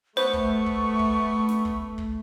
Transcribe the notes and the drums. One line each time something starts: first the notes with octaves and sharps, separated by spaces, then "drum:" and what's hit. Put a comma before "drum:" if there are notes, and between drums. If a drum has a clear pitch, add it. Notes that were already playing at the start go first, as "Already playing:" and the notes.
A3 B3 C5 C#6, drum: snare
drum: kick
drum: kick
drum: kick
drum: snare
drum: kick
drum: kick